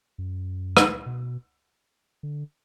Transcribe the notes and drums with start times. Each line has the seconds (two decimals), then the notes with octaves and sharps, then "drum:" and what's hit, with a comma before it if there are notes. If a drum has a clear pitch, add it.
0.18 F#2
0.77 drum: rim click
1.06 B2
2.23 D3